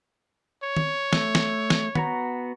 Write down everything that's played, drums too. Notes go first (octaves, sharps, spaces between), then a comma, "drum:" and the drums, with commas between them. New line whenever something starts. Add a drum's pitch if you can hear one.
C#5
drum: tom D#3
A3, drum: snare
drum: snare
drum: snare
B3 F#4 A#5, drum: tom D#3